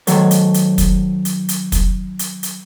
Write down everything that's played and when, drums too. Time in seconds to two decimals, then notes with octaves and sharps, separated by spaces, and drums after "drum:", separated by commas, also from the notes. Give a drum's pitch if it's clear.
0.07 D#3 F#3 A4 C#5, drum: hi-hat
0.31 drum: hi-hat
0.54 drum: hi-hat
0.78 drum: kick, hi-hat
1.25 drum: hi-hat
1.49 drum: hi-hat
1.72 drum: kick, hi-hat
2.19 drum: hi-hat
2.43 drum: hi-hat